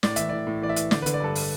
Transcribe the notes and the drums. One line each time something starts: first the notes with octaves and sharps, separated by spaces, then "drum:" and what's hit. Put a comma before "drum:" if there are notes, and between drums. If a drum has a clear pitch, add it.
A2 D5, drum: snare
E3 E5, drum: hi-hat
D5
A2
A2
E3 D5
E5
E3, drum: hi-hat
D3 D5, drum: snare
B4
D3, drum: hi-hat
D5
G2 A4
drum: open hi-hat